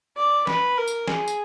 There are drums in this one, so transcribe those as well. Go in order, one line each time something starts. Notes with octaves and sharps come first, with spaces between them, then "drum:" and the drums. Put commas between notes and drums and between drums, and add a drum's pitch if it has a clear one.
D5
B4, drum: snare
A#4
drum: tambourine
G#4, drum: snare
drum: tambourine